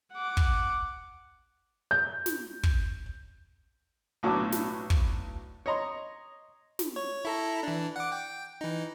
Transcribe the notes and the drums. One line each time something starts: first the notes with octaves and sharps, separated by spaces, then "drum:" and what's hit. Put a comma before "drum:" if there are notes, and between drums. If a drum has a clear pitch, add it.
F#5 D6
drum: kick
G6
drum: snare
drum: kick
B1 A2 F#3 D4 D6
drum: snare
drum: kick
C#5 D#5 A#5 C6
drum: snare
C#5
E4 A4 A#5
E3 D4
F#5 D6
G5
E3 D#4